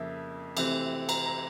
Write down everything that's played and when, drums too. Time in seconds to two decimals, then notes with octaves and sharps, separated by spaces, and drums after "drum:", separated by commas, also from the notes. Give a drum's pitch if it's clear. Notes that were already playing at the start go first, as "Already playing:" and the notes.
Already playing: F2 C#3 F3 A#3 E5
0.57 C3 E3 A3 C4, drum: cymbal
1.09 A#5, drum: cymbal
1.26 A#5